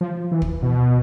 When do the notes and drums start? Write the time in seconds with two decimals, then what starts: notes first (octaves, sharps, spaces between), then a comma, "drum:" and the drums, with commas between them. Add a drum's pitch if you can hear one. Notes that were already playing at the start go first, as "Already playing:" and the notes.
0.01 F3
0.32 E3
0.42 drum: kick
0.62 B2